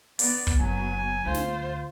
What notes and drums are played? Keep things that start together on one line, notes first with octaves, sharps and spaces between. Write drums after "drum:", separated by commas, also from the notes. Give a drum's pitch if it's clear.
B3 D5, drum: open hi-hat
drum: kick
F#1 F#3 B3 G#5
D2 C#4 F4 C5
drum: snare